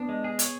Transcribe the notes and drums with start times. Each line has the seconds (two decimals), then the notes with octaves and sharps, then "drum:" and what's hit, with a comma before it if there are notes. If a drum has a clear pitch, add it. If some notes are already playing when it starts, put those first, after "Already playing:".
Already playing: B3 D4
0.09 G#3
0.24 G#4
0.39 C#5, drum: hi-hat